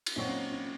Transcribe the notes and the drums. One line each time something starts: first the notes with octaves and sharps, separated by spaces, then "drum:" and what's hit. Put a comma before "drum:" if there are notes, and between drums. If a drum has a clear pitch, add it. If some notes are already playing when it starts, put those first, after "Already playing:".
drum: cymbal
A#2 F#3 C4 D#4 F#4
C#4
C#4